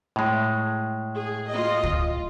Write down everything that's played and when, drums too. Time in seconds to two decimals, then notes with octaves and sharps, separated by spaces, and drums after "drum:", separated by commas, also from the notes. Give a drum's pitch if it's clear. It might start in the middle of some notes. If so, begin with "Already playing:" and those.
0.16 A2 G#3
1.15 G#4
1.50 F4 D#5
1.83 F4, drum: kick